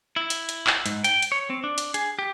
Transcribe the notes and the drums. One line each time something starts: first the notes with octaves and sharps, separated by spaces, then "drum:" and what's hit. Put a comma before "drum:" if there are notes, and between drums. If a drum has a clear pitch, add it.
E4
drum: hi-hat
drum: hi-hat
drum: clap
G#2, drum: hi-hat
G5, drum: hi-hat
drum: hi-hat
C#5
C4
D4
drum: hi-hat
G#4, drum: hi-hat
G4